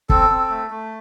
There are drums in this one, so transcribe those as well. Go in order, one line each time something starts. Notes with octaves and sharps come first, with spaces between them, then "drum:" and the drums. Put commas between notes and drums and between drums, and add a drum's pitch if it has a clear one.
C4 A4, drum: kick
C4
A3
A3